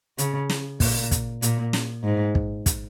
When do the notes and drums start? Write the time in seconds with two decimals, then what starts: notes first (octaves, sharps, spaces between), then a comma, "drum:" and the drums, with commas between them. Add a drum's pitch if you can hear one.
0.18 C#3, drum: hi-hat
0.49 drum: snare
0.80 A#2, drum: kick, open hi-hat
1.11 drum: kick, hi-hat
1.42 A#2, drum: hi-hat
1.73 drum: snare
2.03 G#2
2.35 drum: kick
2.66 drum: kick, hi-hat